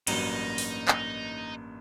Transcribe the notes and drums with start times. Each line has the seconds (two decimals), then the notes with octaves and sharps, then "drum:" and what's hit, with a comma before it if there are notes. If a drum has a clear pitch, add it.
0.07 A1 G2 F#3 A#3 D#4, drum: cymbal
0.58 drum: open hi-hat
0.88 drum: clap